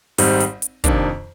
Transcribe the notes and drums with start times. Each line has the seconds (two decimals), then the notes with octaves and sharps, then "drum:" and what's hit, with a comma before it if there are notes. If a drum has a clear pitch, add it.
0.18 G#1 G#2 G3 C4 D#4, drum: open hi-hat
0.40 drum: hi-hat
0.62 drum: hi-hat
0.84 F2 C3 D#3 A#3 D4, drum: kick, hi-hat